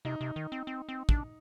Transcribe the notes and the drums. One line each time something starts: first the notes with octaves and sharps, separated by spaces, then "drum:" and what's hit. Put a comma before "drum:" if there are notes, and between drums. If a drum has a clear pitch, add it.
C3 D#4
C3
D#3
C4
C4
C4
D4, drum: kick